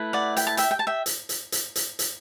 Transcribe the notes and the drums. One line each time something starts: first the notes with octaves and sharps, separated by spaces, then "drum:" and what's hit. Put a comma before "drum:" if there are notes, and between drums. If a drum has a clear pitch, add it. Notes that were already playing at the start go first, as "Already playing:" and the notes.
Already playing: A3 E4 B4
D5 F#5
G5, drum: hi-hat
A5
E5 G5, drum: hi-hat
G5
A5
E5 G5
drum: hi-hat
drum: hi-hat
drum: hi-hat
drum: hi-hat
drum: hi-hat